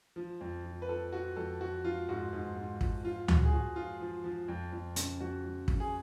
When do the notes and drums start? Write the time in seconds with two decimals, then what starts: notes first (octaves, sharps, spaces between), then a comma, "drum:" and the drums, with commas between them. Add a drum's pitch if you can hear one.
0.16 F3
0.41 F2
0.64 F3
0.82 B4
0.89 F3 A4
1.13 F3 F#4
1.37 F2 A4
1.61 F3 F#4
1.85 F3 F4
2.09 G#2 F#4
2.33 G#2
2.56 G#2
2.81 F3, drum: kick
3.04 F3 F4
3.28 F3 F#4, drum: tom D2
3.45 G#4
3.53 F3 F#4
3.76 F3 F4
4.00 F3
4.24 F3
4.48 F2
4.72 F2
4.96 C#3, drum: hi-hat
5.20 F2 F#4
5.44 F2
5.68 C#3, drum: kick
5.80 G#4